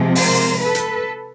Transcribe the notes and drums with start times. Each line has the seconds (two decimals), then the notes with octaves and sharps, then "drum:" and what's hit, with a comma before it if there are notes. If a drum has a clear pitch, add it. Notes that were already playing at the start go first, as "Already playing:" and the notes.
Already playing: C3 F3 G#3
0.15 A#4 C5, drum: open hi-hat
0.60 A4 B4
0.75 drum: hi-hat